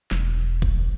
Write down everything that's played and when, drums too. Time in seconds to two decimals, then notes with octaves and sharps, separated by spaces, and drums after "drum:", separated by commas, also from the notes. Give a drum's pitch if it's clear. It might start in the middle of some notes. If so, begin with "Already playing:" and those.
0.11 E1, drum: snare
0.62 drum: kick A#1